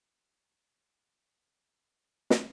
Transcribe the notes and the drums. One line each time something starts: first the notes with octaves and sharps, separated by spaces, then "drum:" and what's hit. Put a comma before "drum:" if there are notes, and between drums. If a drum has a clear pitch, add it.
E5 F5 A5 A#5 D6
drum: snare